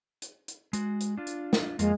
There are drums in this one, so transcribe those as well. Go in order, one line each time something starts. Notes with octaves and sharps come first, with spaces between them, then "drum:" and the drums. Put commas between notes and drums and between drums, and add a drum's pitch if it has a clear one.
drum: hi-hat
drum: hi-hat
G#3 F#4, drum: hi-hat
drum: hi-hat
D4 F4
drum: hi-hat
drum: snare
F2 G#3 A#3 F4, drum: hi-hat